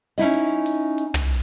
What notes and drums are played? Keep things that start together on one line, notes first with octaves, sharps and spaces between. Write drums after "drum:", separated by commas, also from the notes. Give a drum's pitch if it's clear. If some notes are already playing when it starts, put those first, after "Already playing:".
C#4 D#4 E4 D#5
drum: hi-hat
drum: open hi-hat
drum: hi-hat
drum: tom